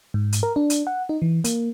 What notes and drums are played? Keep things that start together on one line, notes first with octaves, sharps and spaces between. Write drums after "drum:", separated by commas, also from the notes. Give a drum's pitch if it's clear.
G#2
drum: hi-hat
A#4
D4
drum: hi-hat
F#5
D#4
E3
A#3, drum: hi-hat